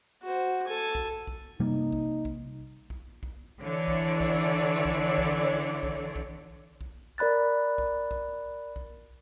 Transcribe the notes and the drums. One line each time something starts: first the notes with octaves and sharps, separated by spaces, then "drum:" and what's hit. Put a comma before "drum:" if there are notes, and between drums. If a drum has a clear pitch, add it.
F#4 C5
A4 G#5
drum: kick B1
drum: kick B1
C3 G3 A#3 D#4
drum: kick B1
drum: kick B1
drum: kick B1
drum: kick B1
D3 E3 C#5 D5
drum: kick B1
drum: kick B1
drum: kick B1
drum: kick B1
drum: kick B1
drum: kick B1
drum: kick B1
A#4 D5 B5 F#6 A6
drum: kick B1
drum: kick B1
drum: kick B1